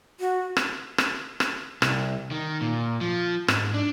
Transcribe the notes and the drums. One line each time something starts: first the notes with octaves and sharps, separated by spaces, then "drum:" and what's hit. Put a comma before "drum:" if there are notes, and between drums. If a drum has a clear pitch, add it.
F#4
drum: rim click
drum: rim click
drum: rim click
C2, drum: rim click
D#3
A#2
F3
G#2, drum: rim click
D4